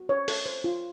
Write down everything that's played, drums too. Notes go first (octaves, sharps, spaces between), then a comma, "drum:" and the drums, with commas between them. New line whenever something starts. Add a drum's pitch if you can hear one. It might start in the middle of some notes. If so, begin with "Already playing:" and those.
Already playing: F#4
C5 C#5
A4, drum: open hi-hat
C5
F4